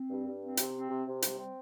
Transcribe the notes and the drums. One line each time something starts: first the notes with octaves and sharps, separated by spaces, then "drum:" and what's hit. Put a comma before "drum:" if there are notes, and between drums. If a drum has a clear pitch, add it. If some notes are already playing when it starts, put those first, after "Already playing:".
Already playing: C4
G2
G2
C4
C3, drum: hi-hat
C4
C3
C3
G3, drum: hi-hat
C4